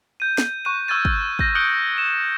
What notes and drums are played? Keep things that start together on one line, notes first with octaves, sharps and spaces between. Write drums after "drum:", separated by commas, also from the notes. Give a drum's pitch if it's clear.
G6 D#7
drum: snare
C#6 F#6 D#7
C#6 E6 F6 G#6 A6 D#7
drum: kick
G6 A#6, drum: kick
D#6 F#6 G6 C#7 D7 G7
D7 E7 G7